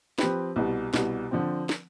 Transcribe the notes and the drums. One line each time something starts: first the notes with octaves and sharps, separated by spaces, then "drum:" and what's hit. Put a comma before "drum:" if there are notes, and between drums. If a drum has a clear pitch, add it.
F3 C4 G4 B4, drum: snare
C2 B2 G3
C2 B2 G3, drum: snare
D3 F3 C4
drum: snare